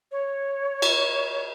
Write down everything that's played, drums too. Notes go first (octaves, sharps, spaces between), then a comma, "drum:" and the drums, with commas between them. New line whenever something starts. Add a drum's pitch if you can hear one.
C#5
drum: cymbal